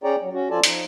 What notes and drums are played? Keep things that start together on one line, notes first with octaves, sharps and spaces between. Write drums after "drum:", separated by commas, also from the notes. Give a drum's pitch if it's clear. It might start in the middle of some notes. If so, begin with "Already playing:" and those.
C#4 G#4 C#5 D5 G5 A#5
F#3
C#4 F#4
F3 F4 A4 D5 G#5 A5
F3 D#4, drum: hi-hat